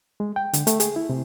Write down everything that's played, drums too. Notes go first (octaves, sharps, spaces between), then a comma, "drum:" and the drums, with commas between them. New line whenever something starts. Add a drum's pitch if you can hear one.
G#3
G5
D3, drum: hi-hat
A3, drum: hi-hat
G#4, drum: hi-hat
E4
C3